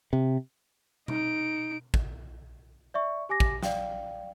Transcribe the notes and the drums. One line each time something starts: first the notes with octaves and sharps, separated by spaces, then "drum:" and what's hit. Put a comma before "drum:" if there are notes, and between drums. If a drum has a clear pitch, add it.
C3
D#4 D7, drum: tom B2
drum: kick
D5 E5 C#6
G4 G#5 D6 A#6
drum: kick
D5 F5 G5, drum: snare